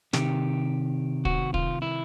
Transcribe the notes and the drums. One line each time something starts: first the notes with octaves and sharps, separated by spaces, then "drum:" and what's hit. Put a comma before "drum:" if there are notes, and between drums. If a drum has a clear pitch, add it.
C3 D#3 G4, drum: snare
F#4, drum: kick
F4, drum: kick
E4